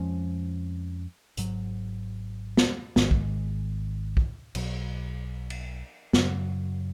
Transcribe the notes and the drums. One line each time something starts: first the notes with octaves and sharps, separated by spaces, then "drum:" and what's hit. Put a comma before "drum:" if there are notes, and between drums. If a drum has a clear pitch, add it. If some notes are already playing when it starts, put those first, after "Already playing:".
Already playing: F2 F3 G#3 C#4
G#1 G#2 F#3, drum: hi-hat
drum: snare
G#1 G#2 D#3 G#3, drum: snare
drum: kick
drum: kick
B1 B2 F#3, drum: cymbal
drum: cymbal
F#2 C#3 F#3, drum: snare